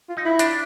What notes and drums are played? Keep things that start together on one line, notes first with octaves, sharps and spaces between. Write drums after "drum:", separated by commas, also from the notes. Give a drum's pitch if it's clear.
F4
D#4
E4
D4, drum: hi-hat